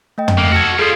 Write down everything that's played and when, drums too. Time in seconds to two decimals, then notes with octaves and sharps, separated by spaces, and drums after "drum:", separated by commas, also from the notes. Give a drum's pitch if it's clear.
0.18 A3 D#5 G5
0.28 drum: tom
0.38 D2 A#3
0.52 F#4 A4 F6 G#6
0.79 G3 F4 G#4 A4 D#6